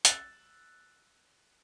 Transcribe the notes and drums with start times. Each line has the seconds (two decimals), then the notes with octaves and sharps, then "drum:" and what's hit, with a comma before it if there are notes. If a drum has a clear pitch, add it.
0.05 E6 F#6 A6, drum: hi-hat